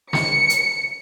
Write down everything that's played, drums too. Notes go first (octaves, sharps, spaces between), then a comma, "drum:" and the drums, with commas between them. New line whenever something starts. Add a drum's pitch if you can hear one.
C#7, drum: snare
drum: hi-hat